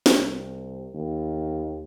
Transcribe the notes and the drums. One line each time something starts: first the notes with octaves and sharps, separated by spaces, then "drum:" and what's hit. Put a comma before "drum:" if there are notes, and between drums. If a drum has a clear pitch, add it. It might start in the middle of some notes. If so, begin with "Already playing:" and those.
drum: snare
C2
D#2